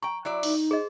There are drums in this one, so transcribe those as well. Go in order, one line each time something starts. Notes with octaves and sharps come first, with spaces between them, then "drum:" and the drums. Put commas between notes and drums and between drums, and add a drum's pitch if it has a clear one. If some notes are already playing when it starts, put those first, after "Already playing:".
G5 A#5 C#6
F#3 E4 D5
D#4, drum: open hi-hat
G#4 C5 D#5